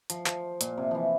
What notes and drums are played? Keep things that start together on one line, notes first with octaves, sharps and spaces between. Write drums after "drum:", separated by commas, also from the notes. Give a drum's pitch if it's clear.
F3, drum: hi-hat
F3, drum: clap
A#2, drum: hi-hat
C3
E3 F3